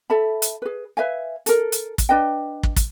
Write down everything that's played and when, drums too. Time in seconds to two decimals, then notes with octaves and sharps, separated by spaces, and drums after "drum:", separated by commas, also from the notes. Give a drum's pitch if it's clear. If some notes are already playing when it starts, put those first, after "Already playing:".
0.10 A4 E5 A5 B5
0.42 drum: hi-hat
0.62 G#4 B4
0.97 B4 E5 F5 G#5
1.46 A4 A#4, drum: hi-hat
1.72 drum: hi-hat
1.98 drum: kick, hi-hat
2.09 D4 B4 D#5 G5
2.63 drum: kick
2.76 drum: kick, hi-hat